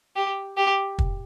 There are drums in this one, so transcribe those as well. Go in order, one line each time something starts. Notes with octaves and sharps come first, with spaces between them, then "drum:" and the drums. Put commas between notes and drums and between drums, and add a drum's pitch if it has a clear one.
G4
G4
drum: kick